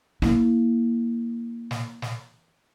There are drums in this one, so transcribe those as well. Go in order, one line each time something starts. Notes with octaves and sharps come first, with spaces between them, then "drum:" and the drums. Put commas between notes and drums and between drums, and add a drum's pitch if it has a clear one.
A#3 E4, drum: snare
drum: snare
drum: snare